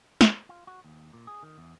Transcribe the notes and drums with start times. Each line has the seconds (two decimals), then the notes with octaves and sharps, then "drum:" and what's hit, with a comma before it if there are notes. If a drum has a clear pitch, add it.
0.21 drum: snare
0.49 F4
0.67 F#4
0.84 D#2
1.13 A#2
1.27 G#4
1.43 D#3
1.58 E2